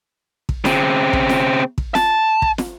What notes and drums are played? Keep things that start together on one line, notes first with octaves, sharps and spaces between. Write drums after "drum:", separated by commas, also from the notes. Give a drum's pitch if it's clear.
drum: kick
C#3 C4, drum: snare
drum: kick
drum: snare
drum: kick
A5, drum: snare
drum: kick
drum: snare